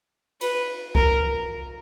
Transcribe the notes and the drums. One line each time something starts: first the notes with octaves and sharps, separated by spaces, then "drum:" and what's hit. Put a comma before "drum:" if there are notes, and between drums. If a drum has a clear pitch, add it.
B4, drum: cymbal
A#4, drum: kick C2